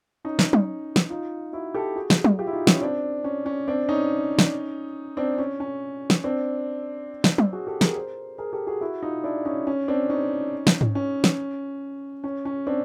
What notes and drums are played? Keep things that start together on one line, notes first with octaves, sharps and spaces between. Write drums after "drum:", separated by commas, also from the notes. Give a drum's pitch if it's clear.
C#4 D#4
drum: snare
drum: tom
drum: snare
D#4 F4
E4 F#4
G4 A4
F#4 G#4
drum: snare
drum: tom
F4 G4
E4
D#4 F4
C#4 D#4, drum: snare
C4 D4
C#4
C#4
C4 D4
C#4 D#4
drum: snare
C4 D4
C#4
C#4
drum: snare
C4 D4
drum: snare
drum: tom
F#4 G#4
G4 A4
G#4 A#4, drum: snare
A#4 C5
G#4 A#4
G4 A4
F#4 G#4
E4 F#4
D#4 F4
D4 E4
C#4 D#4
C#4
C4 D4
C#4 D#4
drum: snare
drum: tom G#2
C#4
drum: snare
C#4
C#4
C4 D4